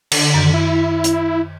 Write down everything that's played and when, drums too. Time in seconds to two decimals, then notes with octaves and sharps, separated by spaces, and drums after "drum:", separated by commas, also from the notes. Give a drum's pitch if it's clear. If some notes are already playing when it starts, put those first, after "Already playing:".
0.12 D3, drum: cymbal
0.34 F#2 D#3
0.54 E4
1.04 drum: hi-hat